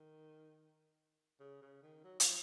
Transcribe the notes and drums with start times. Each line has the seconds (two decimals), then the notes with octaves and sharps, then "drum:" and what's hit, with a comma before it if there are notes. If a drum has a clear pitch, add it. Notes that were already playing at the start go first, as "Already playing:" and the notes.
Already playing: D#3
1.40 C#3
1.62 C#3
1.82 D#3
2.04 F#3
2.20 F3, drum: hi-hat